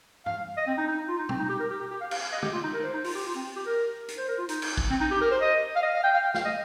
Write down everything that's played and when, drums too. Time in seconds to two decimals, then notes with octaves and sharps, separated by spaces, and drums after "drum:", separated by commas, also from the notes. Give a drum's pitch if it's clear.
0.26 F5, drum: tom
0.57 D#5
0.67 C4
0.78 D#4
0.88 D#4
1.08 F4
1.18 D#4
1.29 C4, drum: tom
1.39 D#4
1.49 G4
1.60 A#4
1.70 G4
1.80 G4
1.91 G4
2.01 F5
2.11 F5, drum: cymbal
2.22 F5
2.32 D#5
2.42 G4, drum: tom
2.53 F4
2.63 D#4
2.74 A#4
2.83 C5
2.93 D#4
3.04 F4, drum: open hi-hat
3.15 G4
3.25 F4
3.35 C4
3.56 G4
3.66 A#4
4.08 drum: hi-hat
4.18 C5
4.28 A#4
4.38 F4
4.49 D#4, drum: hi-hat
4.62 drum: cymbal
4.78 drum: kick G#1
4.90 C4
5.00 D#4
5.11 G4
5.21 A#4
5.31 C5
5.42 D#5
5.76 F5
5.83 D#5
5.93 F5
6.03 G5
6.14 F5
6.24 G5
6.34 F5, drum: snare
6.45 D#5